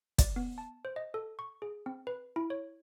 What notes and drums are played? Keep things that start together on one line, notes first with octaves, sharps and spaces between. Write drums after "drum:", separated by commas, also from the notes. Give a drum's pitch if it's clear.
D5, drum: kick, hi-hat
B3
A5
C5
D#5
A4
C#6
G#4
C4
B4
E4
C#5